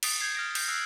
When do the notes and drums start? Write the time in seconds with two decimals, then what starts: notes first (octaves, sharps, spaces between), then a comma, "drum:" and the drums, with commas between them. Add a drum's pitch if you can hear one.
0.03 D#6 A6 B6 D7, drum: cymbal
0.21 G6 G#6 C7
0.35 F6 A#6 D7
0.55 D#6 G6, drum: cymbal
0.68 E6 F#6 G6 C7